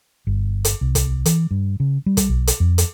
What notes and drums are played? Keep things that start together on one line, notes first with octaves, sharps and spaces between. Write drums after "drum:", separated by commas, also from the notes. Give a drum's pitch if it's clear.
G1
drum: hi-hat
C2
drum: kick, hi-hat
E3, drum: hi-hat
G2
C#3
G3
drum: kick, hi-hat
B1
drum: hi-hat
F2
drum: hi-hat